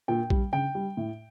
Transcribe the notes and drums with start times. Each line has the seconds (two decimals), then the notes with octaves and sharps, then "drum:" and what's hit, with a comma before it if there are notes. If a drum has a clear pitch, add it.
0.08 A#2 G5
0.30 G3, drum: kick A#1
0.53 C#3 G5
0.75 G3
0.97 A2